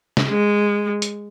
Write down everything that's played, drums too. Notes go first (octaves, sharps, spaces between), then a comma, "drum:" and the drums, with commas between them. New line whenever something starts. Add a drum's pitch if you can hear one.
drum: snare
G#3
drum: hi-hat